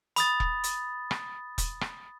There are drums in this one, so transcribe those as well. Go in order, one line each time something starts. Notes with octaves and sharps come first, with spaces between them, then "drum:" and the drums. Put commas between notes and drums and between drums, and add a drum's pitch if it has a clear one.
B5 D#6 A6, drum: hi-hat
drum: kick E1
drum: hi-hat
drum: rim click
drum: kick E1, hi-hat
drum: rim click